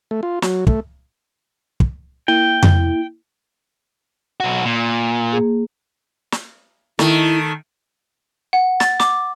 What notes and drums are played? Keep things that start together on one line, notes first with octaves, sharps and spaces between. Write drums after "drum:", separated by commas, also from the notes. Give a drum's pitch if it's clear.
A3
F4
F#3, drum: snare
A3, drum: kick
drum: kick
A#3 E4 G5
drum: tom F2
B1 F#4
A#2
A#3 G#4
drum: snare
D#3 A3 E4, drum: snare
F#5
A6, drum: snare
D6, drum: snare